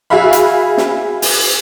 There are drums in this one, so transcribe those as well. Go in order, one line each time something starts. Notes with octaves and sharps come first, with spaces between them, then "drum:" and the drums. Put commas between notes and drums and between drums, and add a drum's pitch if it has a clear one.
F#4 G#4 E5 F5 B5
drum: hi-hat
drum: snare
drum: open hi-hat